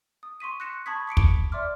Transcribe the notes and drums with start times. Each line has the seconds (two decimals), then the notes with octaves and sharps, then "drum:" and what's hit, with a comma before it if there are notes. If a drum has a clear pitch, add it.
0.23 D#6
0.40 C6 C#6 B6 D#7
0.60 F#6 A#6 C#7 E7
0.86 A5 B5 C#6 D#6 G#6 B6
1.07 D6 B6 C#7 D7
1.17 drum: kick
1.52 D5 E5 C6 D6 F6